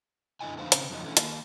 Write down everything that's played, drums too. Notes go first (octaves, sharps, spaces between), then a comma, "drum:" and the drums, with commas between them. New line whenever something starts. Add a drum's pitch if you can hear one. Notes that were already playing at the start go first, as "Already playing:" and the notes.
F#2 D3 E4 D#5 G#5
F2 D3 D#4 C5 F5
C#3 C4, drum: hi-hat
F2 F#3 D#4
D3 E3 A3 C#4 E4
D#3 A#3 A#4, drum: hi-hat